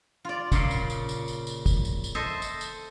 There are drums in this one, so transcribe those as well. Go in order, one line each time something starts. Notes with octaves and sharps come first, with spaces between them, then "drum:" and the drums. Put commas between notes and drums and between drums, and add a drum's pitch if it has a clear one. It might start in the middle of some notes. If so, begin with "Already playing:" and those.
F4 D5
A#2 C#3, drum: kick, tambourine
drum: tambourine
drum: tambourine
drum: tambourine
drum: tambourine
drum: tambourine
drum: kick, tambourine
drum: tambourine
drum: tambourine
A4 C5 D#5 E5
drum: tambourine
drum: tambourine